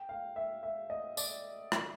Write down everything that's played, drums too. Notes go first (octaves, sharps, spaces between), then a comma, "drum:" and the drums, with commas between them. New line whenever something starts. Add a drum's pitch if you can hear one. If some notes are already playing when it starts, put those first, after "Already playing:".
Already playing: G5
F5
E5
E5
D#5
D5, drum: tambourine
drum: rim click